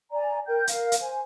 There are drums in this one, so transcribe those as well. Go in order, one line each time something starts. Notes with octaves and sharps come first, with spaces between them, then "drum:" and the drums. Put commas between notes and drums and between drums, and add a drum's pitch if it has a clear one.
D5 G#5 A#5
A#4 G5 G6
A#4 F5, drum: hi-hat
drum: hi-hat
C5 G#5